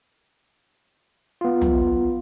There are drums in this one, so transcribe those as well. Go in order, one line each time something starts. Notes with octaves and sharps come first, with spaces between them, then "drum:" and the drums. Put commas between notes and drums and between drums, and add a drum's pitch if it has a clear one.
B3 F4
drum: tom